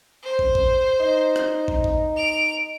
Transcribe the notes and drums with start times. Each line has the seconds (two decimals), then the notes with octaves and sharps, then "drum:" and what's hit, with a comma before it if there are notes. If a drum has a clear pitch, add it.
0.23 C5
0.39 drum: kick
0.55 drum: kick
1.00 D#4
1.36 drum: rim click
1.68 drum: kick
1.84 drum: kick
2.16 D7 F7